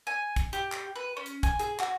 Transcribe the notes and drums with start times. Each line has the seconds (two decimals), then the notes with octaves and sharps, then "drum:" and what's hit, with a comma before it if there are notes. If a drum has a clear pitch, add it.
0.07 G#5
0.36 drum: kick, hi-hat
0.53 G4, drum: hi-hat
0.72 drum: clap
0.95 B4
1.17 C#4
1.26 drum: hi-hat
1.43 G#5, drum: kick, hi-hat
1.59 G#4, drum: hi-hat
1.80 F#4, drum: clap